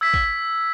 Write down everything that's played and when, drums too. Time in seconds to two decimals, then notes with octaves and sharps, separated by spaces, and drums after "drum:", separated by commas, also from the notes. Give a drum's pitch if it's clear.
0.01 E6 G#6 B6
0.14 drum: kick